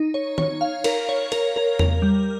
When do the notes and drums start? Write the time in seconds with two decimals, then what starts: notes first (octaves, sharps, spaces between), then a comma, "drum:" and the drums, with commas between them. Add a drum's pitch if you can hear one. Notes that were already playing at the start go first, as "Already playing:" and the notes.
Already playing: D#4
0.14 C#5
0.38 C#5, drum: tom D#3
0.61 F5
0.84 A#4, drum: cymbal
1.09 C#5
1.32 A#4, drum: cymbal
1.56 A#4
1.79 A#4, drum: tom E2
2.02 G3